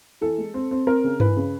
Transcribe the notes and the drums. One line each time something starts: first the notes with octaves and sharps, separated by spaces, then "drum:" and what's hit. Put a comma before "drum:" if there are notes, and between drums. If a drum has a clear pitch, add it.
E3 A4
G#3
C4
C4
C4 A#4
C#3
E3 B4, drum: tom G2
C#3